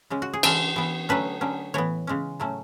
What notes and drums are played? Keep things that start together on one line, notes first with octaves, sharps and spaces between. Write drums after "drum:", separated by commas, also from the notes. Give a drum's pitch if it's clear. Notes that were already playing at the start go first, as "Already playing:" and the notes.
C#3 G#3 C#4
F#4
G#4
E3 G#3 C#4 A4, drum: cymbal
E3 B3
D3 F#3 A3 C#4 B4
D3 F#3 C#4
A2 E3 B3 C#5
C#3 G#3 C#4
A2 F#3 A3 C#4